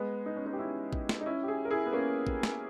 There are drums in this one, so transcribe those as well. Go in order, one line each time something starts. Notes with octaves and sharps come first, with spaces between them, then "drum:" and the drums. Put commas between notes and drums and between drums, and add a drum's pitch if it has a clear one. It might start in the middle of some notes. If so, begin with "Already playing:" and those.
Already playing: G#3 B3
D#4
C#4
B3 D#4
G4
C#4 E4
drum: kick
drum: snare
D#4
C#4 E4
G4
E4 G#4
A#4
E4 G#4
B3
A#3 C#4
drum: kick
drum: snare